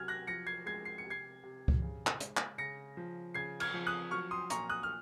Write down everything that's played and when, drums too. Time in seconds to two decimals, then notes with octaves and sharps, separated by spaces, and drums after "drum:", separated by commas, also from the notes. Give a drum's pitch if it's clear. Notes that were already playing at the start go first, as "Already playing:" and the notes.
Already playing: C3 F#3 F6 G#6
0.08 F#6 A#6
0.27 F3 A#6 C#7
0.47 G#6 C7
0.66 G#3 G#6 C7
0.85 C7
0.98 C#7
1.05 C3
1.10 G#6 C7
1.43 C3
1.68 drum: kick C#2
1.82 C#3
2.07 drum: clap
2.20 G#3, drum: hi-hat
2.37 drum: clap
2.58 C#3 A#6 C#7
2.97 F3
3.34 C#3 G#6 C7
3.60 F6 G#6, drum: cymbal
3.74 F3
3.87 D#6 F#6
4.11 F#3 C#6 F6
4.31 C6 D#6
4.50 A#2 A#5 C#6, drum: hi-hat
4.70 D#6 F#6
4.83 F6